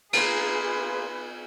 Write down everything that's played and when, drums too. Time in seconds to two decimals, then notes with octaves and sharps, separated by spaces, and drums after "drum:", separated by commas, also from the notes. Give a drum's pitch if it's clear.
0.13 A#3 F4 G#4 B4, drum: cymbal